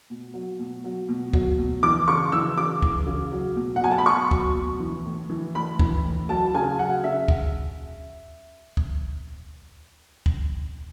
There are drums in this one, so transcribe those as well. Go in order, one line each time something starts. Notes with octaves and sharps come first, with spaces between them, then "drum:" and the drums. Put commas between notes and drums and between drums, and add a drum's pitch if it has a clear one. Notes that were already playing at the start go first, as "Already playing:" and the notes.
B2
F#3
B2
F#3
B2
F#3, drum: kick
B2
E3 D6
C#3 C#6
E3 E6
C#3 D6
E3, drum: kick
C#3
F#3
B2
F#5
F#3 G#5
A5
B5
B2 C#6
F#3, drum: kick
B2
E3
A2
E3
A2 B5
E3, drum: kick
A2
F#3 A5
C#3 G#5
F#3 F#5
C#3 E5
drum: kick
drum: kick
drum: kick